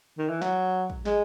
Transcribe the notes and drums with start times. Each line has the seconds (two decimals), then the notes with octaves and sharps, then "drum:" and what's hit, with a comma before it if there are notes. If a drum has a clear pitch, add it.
0.18 D#3
0.29 E3
0.42 F#3, drum: snare
0.90 drum: kick
1.05 G#3, drum: snare